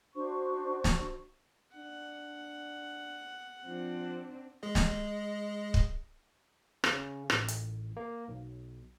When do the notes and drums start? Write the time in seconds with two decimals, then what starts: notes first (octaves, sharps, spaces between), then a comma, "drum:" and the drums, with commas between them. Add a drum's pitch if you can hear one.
0.14 D4 F#4 C5 C#6
0.84 drum: snare
1.76 D4 F#5
3.67 F3 C4 D4
4.63 G#3 G#4 D#5
4.75 drum: snare
5.74 drum: kick
6.84 C#3, drum: rim click
7.30 A1, drum: rim click
7.48 drum: hi-hat
7.97 A#3
8.28 B1